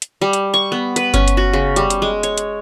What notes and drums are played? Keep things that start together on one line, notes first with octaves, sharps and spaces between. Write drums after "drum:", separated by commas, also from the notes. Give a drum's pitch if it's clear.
drum: hi-hat
G3
drum: hi-hat
C#6
B3
B4, drum: hi-hat
C#4, drum: kick G1, hi-hat
drum: hi-hat
F#4
C#3
G3, drum: hi-hat
drum: hi-hat
G#3
C#5, drum: hi-hat
drum: hi-hat